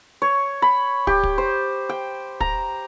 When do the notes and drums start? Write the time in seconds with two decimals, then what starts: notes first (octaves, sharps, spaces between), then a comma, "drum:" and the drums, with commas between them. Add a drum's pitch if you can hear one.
0.22 C#5
0.62 B5
1.07 G4, drum: kick
1.23 drum: kick
1.38 C5
1.89 G5
2.40 A#5, drum: kick